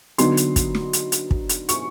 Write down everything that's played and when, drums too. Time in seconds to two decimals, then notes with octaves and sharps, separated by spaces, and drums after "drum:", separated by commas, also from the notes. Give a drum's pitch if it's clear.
0.18 D3 F#3 B3 D#4 C6, drum: hi-hat
0.37 drum: hi-hat
0.56 drum: kick, hi-hat
0.75 drum: snare
0.93 drum: hi-hat
1.12 drum: hi-hat
1.31 drum: kick
1.49 drum: hi-hat
1.69 C#6, drum: hi-hat